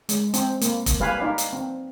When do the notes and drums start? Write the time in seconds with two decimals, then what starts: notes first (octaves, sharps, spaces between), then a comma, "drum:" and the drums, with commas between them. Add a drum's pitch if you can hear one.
0.09 G#3, drum: hi-hat
0.34 C4, drum: hi-hat
0.61 A#3, drum: hi-hat
0.86 drum: kick F1, hi-hat
1.00 G3 B4 F5 G#5 B5
1.20 D#4 D5 F5
1.38 drum: hi-hat
1.53 C4